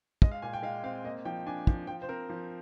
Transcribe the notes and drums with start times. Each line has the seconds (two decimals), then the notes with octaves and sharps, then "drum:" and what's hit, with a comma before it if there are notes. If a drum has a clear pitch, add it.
0.22 G#3 D#5, drum: kick
0.31 F5
0.42 A#2 G#5
0.53 G5
0.63 G#3 F5
0.84 C4 F5
1.04 A#3 D#5
1.25 F3 G5
1.46 D4 G#5
1.67 F3, drum: kick
1.87 F3 G5
2.02 C5
2.09 C4 A#4
2.29 F3